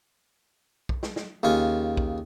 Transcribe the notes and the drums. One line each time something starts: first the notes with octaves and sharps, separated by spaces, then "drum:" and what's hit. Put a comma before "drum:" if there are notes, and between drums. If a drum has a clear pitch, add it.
drum: kick B1
drum: snare
drum: snare
D#2 C#3 F4 G#5
drum: kick B1